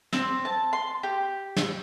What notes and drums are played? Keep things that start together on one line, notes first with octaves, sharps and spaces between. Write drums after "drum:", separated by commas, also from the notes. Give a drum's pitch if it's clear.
C4, drum: snare
A5
C6
G4
drum: snare